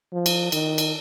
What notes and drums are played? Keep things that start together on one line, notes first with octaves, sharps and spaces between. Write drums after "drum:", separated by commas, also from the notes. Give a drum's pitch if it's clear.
F3
drum: cymbal
D#3, drum: cymbal
drum: cymbal